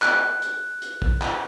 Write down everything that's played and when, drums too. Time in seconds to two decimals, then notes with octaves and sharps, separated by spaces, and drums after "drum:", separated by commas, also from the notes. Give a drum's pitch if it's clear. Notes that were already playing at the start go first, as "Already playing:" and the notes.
0.02 F#6, drum: clap
0.42 drum: hi-hat
0.82 drum: hi-hat
1.02 drum: kick
1.22 drum: clap